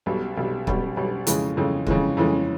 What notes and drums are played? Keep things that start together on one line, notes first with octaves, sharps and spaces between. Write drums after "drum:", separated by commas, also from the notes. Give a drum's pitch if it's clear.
B1 B2 G3
B1 B2 G3
B1 B2 G3, drum: kick
B1 B2 G3
F2 C#3 E3 G#3, drum: hi-hat
F2 C#3 E3 G#3
F2 C#3 E3 G#3, drum: kick
F2 C#3 E3 G#3